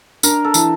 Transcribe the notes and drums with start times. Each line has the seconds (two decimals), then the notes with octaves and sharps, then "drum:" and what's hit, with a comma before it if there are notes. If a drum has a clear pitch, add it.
0.23 D4 A#4, drum: tambourine
0.44 A4
0.54 E3, drum: tambourine